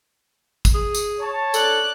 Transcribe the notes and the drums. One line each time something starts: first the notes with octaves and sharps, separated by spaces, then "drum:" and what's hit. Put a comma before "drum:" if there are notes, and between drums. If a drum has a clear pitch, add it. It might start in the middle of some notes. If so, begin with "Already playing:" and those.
drum: kick, tambourine
G#4
drum: tambourine
C#5 A5
A4 D5 F#6, drum: tambourine